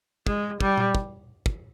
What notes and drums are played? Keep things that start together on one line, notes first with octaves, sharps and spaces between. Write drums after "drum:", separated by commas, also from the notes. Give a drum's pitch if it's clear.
G#3, drum: kick
G3, drum: kick
drum: tom A#2
drum: kick
drum: kick